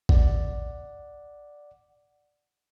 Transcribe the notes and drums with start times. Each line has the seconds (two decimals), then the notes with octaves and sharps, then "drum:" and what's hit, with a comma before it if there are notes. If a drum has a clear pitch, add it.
0.09 D5 F#5, drum: kick A1